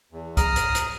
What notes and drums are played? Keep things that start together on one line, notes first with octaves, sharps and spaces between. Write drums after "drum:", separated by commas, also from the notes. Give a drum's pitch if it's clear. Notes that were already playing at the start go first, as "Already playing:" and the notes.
E2
A#5 D#6 F6, drum: kick, hi-hat
drum: hi-hat
drum: hi-hat